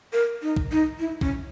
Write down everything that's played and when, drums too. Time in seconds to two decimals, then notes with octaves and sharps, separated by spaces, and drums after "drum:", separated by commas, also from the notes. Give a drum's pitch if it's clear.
0.13 A#4
0.42 D#4
0.57 drum: kick
0.71 D#4
0.99 E4
1.21 C#4, drum: kick